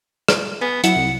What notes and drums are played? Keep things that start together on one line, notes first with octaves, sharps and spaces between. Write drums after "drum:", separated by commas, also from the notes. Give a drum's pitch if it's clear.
drum: rim click
B3 G#5
F#3 E4 E5 F#5, drum: hi-hat
C2